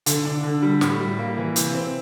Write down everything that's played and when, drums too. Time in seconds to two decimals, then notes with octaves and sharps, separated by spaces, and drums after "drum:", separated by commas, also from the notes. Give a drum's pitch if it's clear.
0.06 D3, drum: hi-hat
0.25 D4
0.44 D3
0.63 G3
0.81 A2, drum: snare
1.00 G3
1.19 A#3
1.37 E3
1.56 C3, drum: hi-hat
1.75 C4